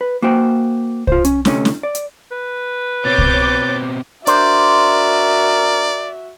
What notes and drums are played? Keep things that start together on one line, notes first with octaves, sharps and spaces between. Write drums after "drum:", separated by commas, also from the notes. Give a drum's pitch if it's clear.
B4
A#3 F#4 C5 G5
F4 C5, drum: kick C2
C#4, drum: hi-hat
D2 C3 A3 C#4 C#5 D#5, drum: snare
drum: snare
D5
drum: hi-hat
B4
B2 C4 C#5 D6 G6 A6
drum: kick C2
D4 F#4 A#4 C5 D5 E5, drum: hi-hat